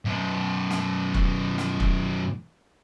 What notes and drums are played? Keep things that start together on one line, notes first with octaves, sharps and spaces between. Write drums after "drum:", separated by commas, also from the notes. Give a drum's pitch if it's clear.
F#2 B2
drum: snare
drum: kick E1
drum: snare
drum: kick E1